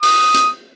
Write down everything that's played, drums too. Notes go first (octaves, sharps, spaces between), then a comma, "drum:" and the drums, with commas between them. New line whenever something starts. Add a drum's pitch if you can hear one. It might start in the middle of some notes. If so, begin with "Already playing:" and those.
D#6, drum: open hi-hat
drum: hi-hat